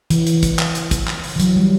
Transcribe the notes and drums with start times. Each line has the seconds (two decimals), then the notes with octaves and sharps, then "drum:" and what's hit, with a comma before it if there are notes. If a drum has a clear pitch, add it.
0.10 E3, drum: hi-hat
0.27 drum: hi-hat
0.43 drum: kick, hi-hat
0.59 drum: clap
0.75 drum: hi-hat
0.91 drum: kick, hi-hat
1.07 drum: clap
1.24 drum: open hi-hat
1.36 E3
1.40 F#3, drum: hi-hat
1.56 G3